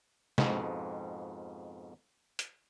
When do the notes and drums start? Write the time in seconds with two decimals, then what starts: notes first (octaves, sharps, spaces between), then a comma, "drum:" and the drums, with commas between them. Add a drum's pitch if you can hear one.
0.38 F2 G#2 B2, drum: snare
2.39 drum: hi-hat